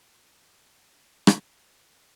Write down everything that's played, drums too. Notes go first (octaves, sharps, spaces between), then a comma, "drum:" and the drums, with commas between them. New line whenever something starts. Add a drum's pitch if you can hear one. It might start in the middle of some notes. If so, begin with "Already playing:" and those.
C5
D#5
C#5
D#5
C#5
C#5
G3 C5
drum: rim click
G#3 C#5
G3 C5
F3